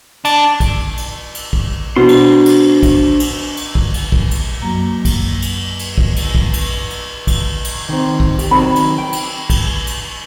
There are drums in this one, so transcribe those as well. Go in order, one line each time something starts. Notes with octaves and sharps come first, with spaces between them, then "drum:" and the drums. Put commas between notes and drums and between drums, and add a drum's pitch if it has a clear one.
D4, drum: cymbal
drum: kick, cymbal
drum: cymbal
drum: cymbal
drum: kick
B2 D4 C5 C6
drum: cymbal
drum: cymbal
drum: kick, cymbal
drum: cymbal
drum: cymbal
drum: kick
drum: cymbal
drum: kick
drum: cymbal
F#2 F#3 A#3 A#5
drum: kick, cymbal
drum: cymbal
drum: cymbal
drum: kick
drum: cymbal
drum: kick
drum: cymbal
drum: cymbal
drum: kick, cymbal
drum: cymbal
D#3 C4
drum: kick
G4, drum: cymbal
D#3 F#3 C4 B5
drum: cymbal
G5
drum: cymbal
drum: kick, cymbal
drum: cymbal